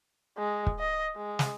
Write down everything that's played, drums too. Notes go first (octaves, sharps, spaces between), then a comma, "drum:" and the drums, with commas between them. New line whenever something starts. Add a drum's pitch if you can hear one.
G#3
drum: kick
D#5
G#3
drum: snare